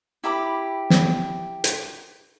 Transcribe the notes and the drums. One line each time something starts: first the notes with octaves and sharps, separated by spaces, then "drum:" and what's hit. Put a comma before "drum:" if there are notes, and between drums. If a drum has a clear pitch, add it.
E4 G4 B5 D6
drum: snare
drum: hi-hat